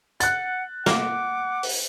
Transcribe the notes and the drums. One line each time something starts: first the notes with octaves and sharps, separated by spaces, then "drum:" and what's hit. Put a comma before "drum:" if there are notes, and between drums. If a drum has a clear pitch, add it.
F#5 F#6 A6, drum: hi-hat
A#3 F#5 D6, drum: snare
drum: open hi-hat